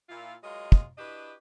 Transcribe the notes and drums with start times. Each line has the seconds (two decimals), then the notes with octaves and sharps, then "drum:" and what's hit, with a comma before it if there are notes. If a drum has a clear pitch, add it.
0.09 A#2 E4 F4
0.43 F#3 G#3 F4 A#4 D#5
0.72 drum: kick
0.98 D4 E4 F#4 G4 B4 D#5